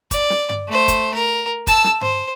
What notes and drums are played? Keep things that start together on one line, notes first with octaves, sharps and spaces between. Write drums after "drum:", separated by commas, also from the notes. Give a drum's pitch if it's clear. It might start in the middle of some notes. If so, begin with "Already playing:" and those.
D5, drum: kick, hi-hat
drum: snare
drum: tom G2
A3 C5
drum: kick, hi-hat
A#4
A5 E6, drum: kick, hi-hat
drum: snare
C5, drum: tom G2